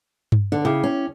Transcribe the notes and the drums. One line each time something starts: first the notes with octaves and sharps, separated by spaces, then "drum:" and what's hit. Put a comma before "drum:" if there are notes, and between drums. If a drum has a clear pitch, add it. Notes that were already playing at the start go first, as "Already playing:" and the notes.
drum: tom G2
D3 D4
C#3 E4 G5 D6
C#4